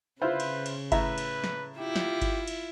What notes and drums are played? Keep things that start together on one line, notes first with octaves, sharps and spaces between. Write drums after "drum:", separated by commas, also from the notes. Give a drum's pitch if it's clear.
C#3 E4 F4 B4 C5
drum: cymbal
drum: cymbal
A2 B4 E5 A#5, drum: kick G1, cymbal
drum: cymbal
drum: snare
E4 F4 G4
drum: snare
drum: kick G1, cymbal
drum: cymbal